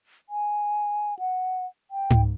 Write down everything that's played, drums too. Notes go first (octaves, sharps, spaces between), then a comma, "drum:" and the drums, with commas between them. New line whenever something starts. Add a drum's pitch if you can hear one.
G#5
F#5
G5
drum: tom G#2